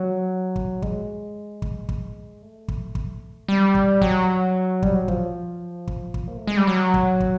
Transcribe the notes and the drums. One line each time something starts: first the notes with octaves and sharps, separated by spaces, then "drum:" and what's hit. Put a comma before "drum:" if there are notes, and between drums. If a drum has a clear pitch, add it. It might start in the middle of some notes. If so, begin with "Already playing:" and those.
Already playing: F#3
drum: kick
G#3, drum: kick
drum: kick
drum: kick
A3
drum: kick
drum: kick
G3
drum: kick
F#3, drum: kick
G3, drum: kick
F#3
F3, drum: kick
drum: kick
drum: kick
A#3
A3
G#3
G3
F#3
drum: kick
drum: kick